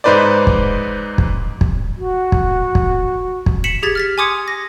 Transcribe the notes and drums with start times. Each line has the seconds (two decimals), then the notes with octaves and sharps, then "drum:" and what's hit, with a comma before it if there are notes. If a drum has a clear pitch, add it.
0.04 G#2 D#4 B4 C5 D5
0.47 drum: kick
1.18 drum: kick
1.61 drum: kick
1.97 F#4
2.32 drum: kick
2.75 drum: kick
3.46 drum: kick
3.64 B6 C#7 E7 F#7
3.83 G4 G#4 G#6 A6 B6
3.95 F6 A6 B6
4.18 G#5 C6 D6 D#6 G#6 C#7
4.48 A#6